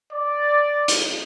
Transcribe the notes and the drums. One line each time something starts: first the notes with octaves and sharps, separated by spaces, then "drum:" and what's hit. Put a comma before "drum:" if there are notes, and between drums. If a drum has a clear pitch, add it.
D5
drum: hi-hat